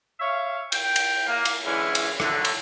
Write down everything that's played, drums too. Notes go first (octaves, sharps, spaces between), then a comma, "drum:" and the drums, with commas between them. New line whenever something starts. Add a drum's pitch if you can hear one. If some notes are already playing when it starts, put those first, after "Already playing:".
C#5 E5 F5
G5, drum: cymbal
drum: cymbal
A#3
drum: cymbal
D3 E3 G#3 C#4 E4
drum: cymbal
A2 D3 F#3, drum: rim click
drum: cymbal